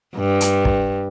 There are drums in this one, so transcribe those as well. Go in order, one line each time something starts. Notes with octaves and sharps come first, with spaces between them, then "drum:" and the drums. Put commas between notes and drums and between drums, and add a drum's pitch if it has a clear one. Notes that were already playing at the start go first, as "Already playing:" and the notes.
G2
drum: hi-hat
drum: kick